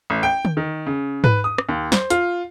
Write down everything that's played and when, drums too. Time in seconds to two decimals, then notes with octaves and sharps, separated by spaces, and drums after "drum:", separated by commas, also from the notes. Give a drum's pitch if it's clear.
0.10 A1
0.23 G5
0.45 drum: tom D3
0.57 D#3
0.86 C#3
1.24 B4, drum: tom G#2
1.44 D#6
1.58 drum: rim click
1.69 D#2
1.92 C5, drum: snare
2.10 F4, drum: hi-hat